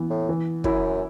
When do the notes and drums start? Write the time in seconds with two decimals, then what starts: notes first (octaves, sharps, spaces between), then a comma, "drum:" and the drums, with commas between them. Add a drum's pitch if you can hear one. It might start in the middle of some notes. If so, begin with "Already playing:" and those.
Already playing: E3 B3
0.10 A2
0.29 E3
0.64 F#2 E4, drum: kick